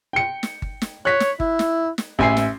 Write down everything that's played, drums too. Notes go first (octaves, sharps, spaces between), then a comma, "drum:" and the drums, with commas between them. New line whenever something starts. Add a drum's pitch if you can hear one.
G5 C#7
drum: snare
drum: kick G1
drum: snare
C#5 F#6 B6
drum: snare
E4, drum: kick G1
drum: snare
drum: snare
A1 E5 G#5 C7, drum: kick G1
drum: snare